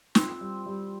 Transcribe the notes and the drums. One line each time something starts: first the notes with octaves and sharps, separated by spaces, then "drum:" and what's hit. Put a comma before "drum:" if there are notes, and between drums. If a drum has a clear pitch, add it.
C4 F4, drum: snare
G3
G3